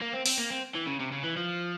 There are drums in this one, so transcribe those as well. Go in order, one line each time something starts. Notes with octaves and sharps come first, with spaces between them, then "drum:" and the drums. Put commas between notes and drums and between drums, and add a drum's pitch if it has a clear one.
A#3
C4
C4, drum: open hi-hat
A#3
C4
E3
C#3
C3
C#3
E3
F3